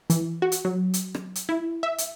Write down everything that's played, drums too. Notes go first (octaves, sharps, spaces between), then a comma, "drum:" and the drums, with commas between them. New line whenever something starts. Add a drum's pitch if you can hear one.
E3, drum: hi-hat
F#4
drum: hi-hat
F#3
drum: hi-hat
drum: rim click
drum: hi-hat
E4
E5
drum: hi-hat